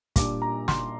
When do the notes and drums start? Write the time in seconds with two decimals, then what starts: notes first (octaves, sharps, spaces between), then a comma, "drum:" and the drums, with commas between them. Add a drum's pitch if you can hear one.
0.16 A#2 G3 D4 D6, drum: kick, hi-hat
0.42 A#5
0.68 C6, drum: snare